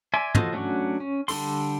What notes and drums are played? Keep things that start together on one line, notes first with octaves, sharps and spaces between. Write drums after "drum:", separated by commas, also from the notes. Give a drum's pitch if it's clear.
D5 E5 G#5 C6
F4 F#4 A4 C5 D#5, drum: tom
F#3 A3 C#4 D4 F#4
C#4
D3 G3 D4 A4 C6, drum: open hi-hat